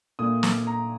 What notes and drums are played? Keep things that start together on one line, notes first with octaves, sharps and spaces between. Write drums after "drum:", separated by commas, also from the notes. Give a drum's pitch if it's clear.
A#2 A3 D4 D#6
D6, drum: snare
A#5